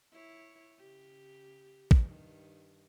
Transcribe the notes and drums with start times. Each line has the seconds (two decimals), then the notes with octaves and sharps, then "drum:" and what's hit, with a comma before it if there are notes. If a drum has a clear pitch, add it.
0.12 E4 C#5
0.78 C#3 G4
1.91 drum: kick
2.06 G2 D#3